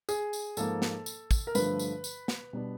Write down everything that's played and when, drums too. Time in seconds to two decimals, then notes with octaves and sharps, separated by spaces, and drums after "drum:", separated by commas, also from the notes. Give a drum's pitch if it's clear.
0.09 G#4, drum: tambourine
0.33 drum: tambourine
0.57 G#2 F3 A#3 A4, drum: tambourine
0.82 drum: snare
1.06 drum: tambourine
1.31 drum: kick, tambourine
1.47 A#4
1.55 G2 D3 F3 A3 B4, drum: tambourine
1.79 drum: tambourine
2.04 drum: tambourine
2.28 drum: snare
2.53 B2 G3 B3 D4